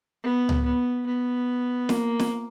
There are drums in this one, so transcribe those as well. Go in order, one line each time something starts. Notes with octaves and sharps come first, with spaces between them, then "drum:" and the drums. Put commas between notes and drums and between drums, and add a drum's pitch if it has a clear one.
B3
drum: tom C#2
B3
B3
A#3, drum: snare
drum: snare